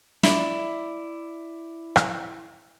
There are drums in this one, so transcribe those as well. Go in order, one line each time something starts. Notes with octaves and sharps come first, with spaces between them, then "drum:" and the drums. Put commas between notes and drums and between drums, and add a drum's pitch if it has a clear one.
E4 D5, drum: snare
drum: rim click